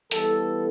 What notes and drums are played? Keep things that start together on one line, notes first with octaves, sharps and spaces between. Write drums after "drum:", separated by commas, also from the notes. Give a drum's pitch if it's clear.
E3 G3 B3 A4, drum: hi-hat